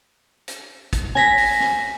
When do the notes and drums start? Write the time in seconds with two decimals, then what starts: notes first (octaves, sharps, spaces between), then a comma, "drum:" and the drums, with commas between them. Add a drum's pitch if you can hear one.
0.48 drum: hi-hat
0.93 drum: kick, hi-hat
1.15 G#5 A#6 B6, drum: snare
1.38 drum: open hi-hat
1.60 drum: snare